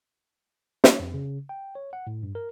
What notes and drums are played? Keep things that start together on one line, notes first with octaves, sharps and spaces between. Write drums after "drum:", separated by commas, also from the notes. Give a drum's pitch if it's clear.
C#5, drum: snare
F2
C#3
G5
C#5
F#5
A2
G2
A#4